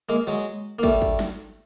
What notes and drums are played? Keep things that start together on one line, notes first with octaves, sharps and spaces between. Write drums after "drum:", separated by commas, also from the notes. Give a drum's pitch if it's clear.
G#3 A#3
F#3 G#3
A#3
G3 A3, drum: kick
drum: kick
drum: snare